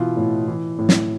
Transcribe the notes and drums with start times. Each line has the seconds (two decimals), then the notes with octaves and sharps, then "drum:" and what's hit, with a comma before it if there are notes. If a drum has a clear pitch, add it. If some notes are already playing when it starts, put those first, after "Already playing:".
Already playing: B2 E3 F4
0.17 A2
0.47 E3
0.78 A2
0.89 drum: snare